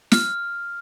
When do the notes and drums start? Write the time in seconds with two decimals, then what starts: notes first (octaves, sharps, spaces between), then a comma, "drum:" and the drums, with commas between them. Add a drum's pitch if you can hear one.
0.12 F6, drum: snare